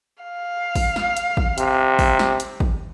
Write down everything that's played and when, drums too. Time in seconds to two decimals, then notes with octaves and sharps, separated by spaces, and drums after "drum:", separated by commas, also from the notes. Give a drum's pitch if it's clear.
0.23 F5
0.75 drum: kick, open hi-hat
0.96 drum: snare
1.17 drum: hi-hat
1.37 drum: kick
1.58 C3, drum: hi-hat
1.99 drum: kick, open hi-hat
2.19 drum: snare
2.40 drum: hi-hat
2.60 drum: kick